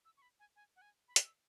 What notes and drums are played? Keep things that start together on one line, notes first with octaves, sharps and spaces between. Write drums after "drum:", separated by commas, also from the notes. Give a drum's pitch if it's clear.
E6
C#6
B5
G#5
G#5
F#5
G#5
B5
F#6, drum: hi-hat
E6